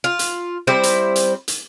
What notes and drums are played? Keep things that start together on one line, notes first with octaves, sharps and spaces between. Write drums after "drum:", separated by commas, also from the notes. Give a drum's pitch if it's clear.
F4
drum: hi-hat
G3 C4 E4 C5
drum: hi-hat
drum: hi-hat
drum: hi-hat